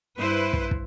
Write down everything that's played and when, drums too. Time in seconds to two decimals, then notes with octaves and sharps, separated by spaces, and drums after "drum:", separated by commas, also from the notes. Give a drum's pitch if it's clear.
0.17 G2 E4 B4 C5
0.53 drum: kick
0.71 drum: kick